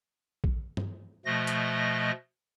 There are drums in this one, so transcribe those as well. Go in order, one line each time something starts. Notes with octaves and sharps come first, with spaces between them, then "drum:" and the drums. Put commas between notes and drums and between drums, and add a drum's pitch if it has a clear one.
drum: kick A#1
drum: tom G2
B2 F3 A3 D#5 A#6
drum: hi-hat